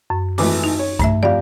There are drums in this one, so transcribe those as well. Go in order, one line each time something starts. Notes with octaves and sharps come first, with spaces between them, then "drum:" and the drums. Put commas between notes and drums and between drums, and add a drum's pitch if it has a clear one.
F#2
G#1 E3 A3 D6, drum: open hi-hat
D#4
C#5
G2 A3 E5, drum: kick B1, hi-hat
F2 G4 D5 F5